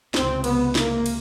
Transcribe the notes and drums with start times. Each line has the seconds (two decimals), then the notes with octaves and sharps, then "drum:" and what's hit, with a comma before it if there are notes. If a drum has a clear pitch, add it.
0.14 C#2 C3 C4, drum: snare
0.44 B3, drum: cymbal
0.75 A#3, drum: snare
1.06 drum: cymbal